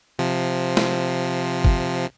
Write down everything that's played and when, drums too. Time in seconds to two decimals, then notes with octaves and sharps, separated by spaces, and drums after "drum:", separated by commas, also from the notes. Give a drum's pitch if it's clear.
0.19 C3 F3
0.77 drum: snare
1.65 drum: kick G1